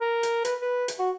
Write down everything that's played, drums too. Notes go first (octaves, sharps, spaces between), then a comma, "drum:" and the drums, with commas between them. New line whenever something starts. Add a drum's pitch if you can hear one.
A#4
drum: hi-hat
B4, drum: hi-hat
B4
drum: hi-hat
F#4